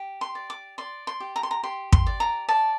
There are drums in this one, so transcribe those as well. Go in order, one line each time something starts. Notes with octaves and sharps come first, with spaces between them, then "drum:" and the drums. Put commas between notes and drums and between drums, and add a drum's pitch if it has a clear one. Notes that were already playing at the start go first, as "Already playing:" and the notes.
Already playing: G4
C6
D5
D6
D5 C6
C6
G4
A#5
C6
A#5
G4 C6
C6, drum: kick
D5
A#5
D5 A5